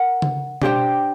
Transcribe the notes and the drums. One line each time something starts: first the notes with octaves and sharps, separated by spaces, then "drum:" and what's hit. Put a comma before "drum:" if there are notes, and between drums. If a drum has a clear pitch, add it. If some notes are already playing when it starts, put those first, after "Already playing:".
Already playing: A#4 F#5
drum: tom C#3
D4 G4 C5 G5, drum: tom B2